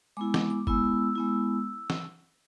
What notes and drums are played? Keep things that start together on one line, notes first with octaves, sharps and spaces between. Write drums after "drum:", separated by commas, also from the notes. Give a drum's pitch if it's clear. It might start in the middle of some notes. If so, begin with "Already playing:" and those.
G#3 B3 E4 D6
D6, drum: snare
D6
G#3 B3 E4 E6, drum: kick
G#3 B3 E4
drum: snare